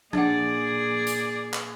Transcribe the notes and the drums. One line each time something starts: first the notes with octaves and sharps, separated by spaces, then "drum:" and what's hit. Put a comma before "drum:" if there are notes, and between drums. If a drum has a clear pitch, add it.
A#2 D4 G#4 D5 F#5, drum: tom F3
drum: hi-hat
drum: clap